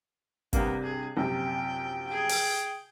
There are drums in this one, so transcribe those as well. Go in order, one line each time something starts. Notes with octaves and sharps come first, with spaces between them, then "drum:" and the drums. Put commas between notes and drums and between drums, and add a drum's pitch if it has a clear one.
G2 C3 G3 A#3 B3, drum: kick, hi-hat
G#4
A#1 F#2 C3 G5
G#4 G5
drum: open hi-hat